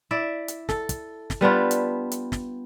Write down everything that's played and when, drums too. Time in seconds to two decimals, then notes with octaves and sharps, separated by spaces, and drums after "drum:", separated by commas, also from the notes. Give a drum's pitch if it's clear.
0.11 E4 D5 E5
0.48 drum: hi-hat
0.69 A4, drum: snare
0.89 drum: kick, hi-hat
1.30 drum: snare
1.41 G3 B3 D4 F4
1.71 drum: hi-hat
2.12 drum: hi-hat
2.32 drum: snare